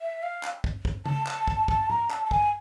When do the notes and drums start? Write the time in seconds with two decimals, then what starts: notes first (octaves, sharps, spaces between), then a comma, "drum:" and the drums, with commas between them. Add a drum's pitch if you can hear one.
0.01 E5
0.23 F5
0.43 drum: clap
0.64 drum: kick
0.85 drum: kick
1.06 A5, drum: tom C#3
1.27 drum: clap
1.48 drum: kick
1.68 A5, drum: kick
1.90 A#5, drum: tom G#2
2.11 A5, drum: clap
2.25 A5
2.31 G#5, drum: kick